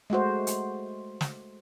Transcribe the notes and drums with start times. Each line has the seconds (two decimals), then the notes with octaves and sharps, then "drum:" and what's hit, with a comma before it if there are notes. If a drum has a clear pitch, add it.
0.10 G#3 A3 F#4 C5
0.47 drum: hi-hat
1.21 drum: snare